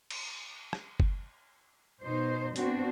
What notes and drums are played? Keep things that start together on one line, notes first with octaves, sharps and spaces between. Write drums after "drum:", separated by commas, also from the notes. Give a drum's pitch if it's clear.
drum: cymbal
drum: rim click
drum: kick F#1
B2 D#4 C5
B3 C4 D4 F#4 C5, drum: hi-hat